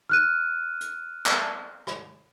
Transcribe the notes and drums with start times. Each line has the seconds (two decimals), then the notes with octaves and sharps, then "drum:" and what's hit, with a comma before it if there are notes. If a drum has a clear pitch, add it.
0.09 F6 F#6 D#7
0.81 drum: hi-hat
1.26 drum: clap
1.87 drum: rim click